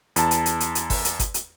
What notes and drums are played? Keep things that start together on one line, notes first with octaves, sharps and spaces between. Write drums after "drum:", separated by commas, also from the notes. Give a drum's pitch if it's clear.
E2 A5, drum: hi-hat
drum: hi-hat
drum: hi-hat
drum: hi-hat
drum: hi-hat
drum: kick G1, open hi-hat
drum: hi-hat
drum: kick G1, hi-hat
drum: hi-hat